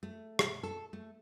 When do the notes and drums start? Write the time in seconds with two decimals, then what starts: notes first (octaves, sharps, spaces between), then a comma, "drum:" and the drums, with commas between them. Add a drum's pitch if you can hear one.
0.03 A3
0.39 drum: rim click
0.63 A4
0.93 A3